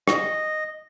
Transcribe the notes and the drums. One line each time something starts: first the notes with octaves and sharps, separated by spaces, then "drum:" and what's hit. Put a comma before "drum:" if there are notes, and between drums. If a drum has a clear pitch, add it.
D#5, drum: rim click